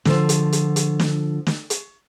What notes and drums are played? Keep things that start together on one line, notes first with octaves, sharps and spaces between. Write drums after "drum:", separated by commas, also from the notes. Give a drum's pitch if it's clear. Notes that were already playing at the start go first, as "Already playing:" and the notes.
D3 F3, drum: snare
drum: hi-hat
drum: hi-hat
drum: hi-hat
drum: snare
drum: snare
drum: hi-hat